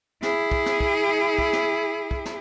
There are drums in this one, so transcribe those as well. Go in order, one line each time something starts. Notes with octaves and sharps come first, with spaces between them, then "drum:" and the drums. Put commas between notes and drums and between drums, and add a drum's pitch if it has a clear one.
E4 G#4, drum: snare
drum: kick
drum: snare
drum: kick
drum: kick
drum: snare
drum: kick
drum: snare